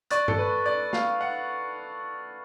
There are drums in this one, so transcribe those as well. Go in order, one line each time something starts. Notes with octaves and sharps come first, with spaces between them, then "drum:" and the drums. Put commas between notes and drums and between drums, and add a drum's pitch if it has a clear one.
D5 C#6 F#6 A6, drum: hi-hat
A4, drum: tom G2
B4
D5
F5, drum: snare
F#5